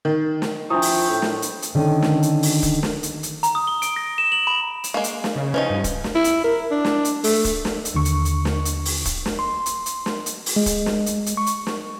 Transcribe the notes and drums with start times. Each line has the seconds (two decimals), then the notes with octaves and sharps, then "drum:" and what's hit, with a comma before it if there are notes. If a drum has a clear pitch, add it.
0.05 D#3
0.42 drum: snare
0.70 F3 D4 E4 E5 G5 C#6 D#6
0.82 drum: open hi-hat
1.10 A2
1.22 drum: snare
1.42 drum: hi-hat
1.62 drum: hi-hat
1.75 D3 D#3 C#4
2.02 drum: snare
2.23 drum: hi-hat
2.43 drum: open hi-hat
2.63 drum: kick, hi-hat
2.83 drum: snare
3.03 drum: hi-hat
3.23 drum: hi-hat
3.43 A#5, drum: hi-hat
3.55 D#6
3.67 G7
3.82 D7, drum: hi-hat
3.96 A#6
4.18 E7
4.32 F#7
4.47 B5
4.84 drum: hi-hat
4.94 G#3 A#3
5.04 drum: hi-hat
5.24 drum: snare
5.36 C#3
5.54 E3 F3 C#4 D#4
5.70 G2
5.84 drum: kick, hi-hat
6.04 drum: snare
6.15 E4
6.24 drum: hi-hat
6.44 A#4
6.71 D4
6.85 drum: snare
7.05 drum: hi-hat
7.24 A3, drum: open hi-hat
7.45 drum: kick, hi-hat
7.65 drum: snare
7.85 drum: hi-hat
7.95 D#2 D3 C#6
8.05 drum: hi-hat
8.25 drum: hi-hat
8.45 drum: snare
8.65 drum: hi-hat
8.85 drum: open hi-hat
9.05 drum: kick, hi-hat
9.26 drum: snare
9.39 C6
9.66 drum: hi-hat
9.86 drum: hi-hat
10.06 drum: snare
10.26 drum: hi-hat
10.46 drum: open hi-hat
10.56 G#3
10.66 drum: kick, hi-hat
10.86 drum: snare
11.06 drum: hi-hat
11.26 drum: hi-hat
11.37 C#6
11.46 drum: hi-hat
11.67 drum: snare